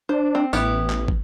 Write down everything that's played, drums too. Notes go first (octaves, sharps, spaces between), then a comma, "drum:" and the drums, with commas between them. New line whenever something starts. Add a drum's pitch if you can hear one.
D4 C5
C4
A1 B3 E4 G4, drum: tambourine
drum: clap
drum: kick